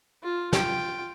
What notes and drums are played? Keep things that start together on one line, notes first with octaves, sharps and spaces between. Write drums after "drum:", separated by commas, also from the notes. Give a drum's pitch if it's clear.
F4
F4 G5, drum: snare